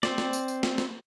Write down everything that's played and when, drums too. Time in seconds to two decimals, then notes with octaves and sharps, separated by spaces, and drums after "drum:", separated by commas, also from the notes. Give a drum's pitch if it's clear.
0.03 C4 C5 D5, drum: snare
0.18 drum: snare
0.33 drum: tambourine
0.48 drum: tambourine
0.63 drum: snare
0.78 drum: snare